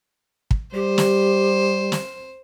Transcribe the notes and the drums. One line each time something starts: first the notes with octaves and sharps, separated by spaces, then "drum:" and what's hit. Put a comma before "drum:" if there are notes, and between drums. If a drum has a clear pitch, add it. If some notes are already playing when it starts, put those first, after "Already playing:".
drum: kick
G3 G4 C5
drum: snare
drum: snare